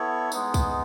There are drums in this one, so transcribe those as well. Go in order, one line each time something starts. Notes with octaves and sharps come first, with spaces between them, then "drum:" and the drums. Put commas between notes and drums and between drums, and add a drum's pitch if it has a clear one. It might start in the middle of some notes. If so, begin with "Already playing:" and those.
Already playing: B3 E4 A4 C#5
G#3 B3 D#4, drum: tambourine
drum: kick, tambourine